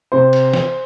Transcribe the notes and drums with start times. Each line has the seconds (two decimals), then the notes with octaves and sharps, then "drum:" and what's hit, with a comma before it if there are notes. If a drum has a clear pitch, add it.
0.12 C3 C5
0.33 drum: cymbal
0.54 drum: snare